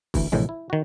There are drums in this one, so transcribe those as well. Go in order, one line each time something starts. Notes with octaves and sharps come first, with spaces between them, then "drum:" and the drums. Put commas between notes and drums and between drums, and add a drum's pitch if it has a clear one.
D2 E3, drum: kick, open hi-hat
A#1 A2 C3 E3 G#3
E4
D#3 F#4